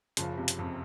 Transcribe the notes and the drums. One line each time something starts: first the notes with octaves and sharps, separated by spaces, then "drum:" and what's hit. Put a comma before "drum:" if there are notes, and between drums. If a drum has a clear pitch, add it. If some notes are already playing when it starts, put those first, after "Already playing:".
F#1 C#3 F3, drum: hi-hat
C3
drum: hi-hat
F2